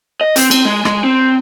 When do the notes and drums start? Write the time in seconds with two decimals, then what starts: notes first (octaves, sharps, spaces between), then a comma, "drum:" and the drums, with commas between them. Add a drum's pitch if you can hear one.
0.21 D#5
0.36 C4, drum: hi-hat
0.51 C4, drum: cymbal
0.65 G#3
0.85 G#3, drum: rim click
1.04 C4